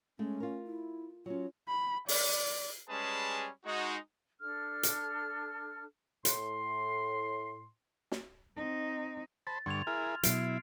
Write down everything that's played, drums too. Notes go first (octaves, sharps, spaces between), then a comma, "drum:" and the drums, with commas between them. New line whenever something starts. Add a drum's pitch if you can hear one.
G#3 A3 C#4
F4 A#4
E4
F#3 C#4 F4
B5
D5, drum: open hi-hat
G3 G#3 C#4 G#4 B4 A5
G#3 D#4 F#4
D4 A4 F6
drum: hi-hat
A2 C6, drum: hi-hat
drum: snare
C4 D#4
C5 A5 B5 A6
G2 D3 C6 C#6 G#6 F7
E4 G#4 A#4 F6
B2 F#3 E4 C7 D7, drum: hi-hat